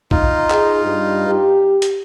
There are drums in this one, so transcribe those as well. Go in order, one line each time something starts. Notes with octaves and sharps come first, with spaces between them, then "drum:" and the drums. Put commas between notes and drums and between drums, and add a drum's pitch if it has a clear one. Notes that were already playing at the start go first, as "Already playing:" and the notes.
D#4 F4, drum: kick
G#4, drum: clap
G2
G4
drum: hi-hat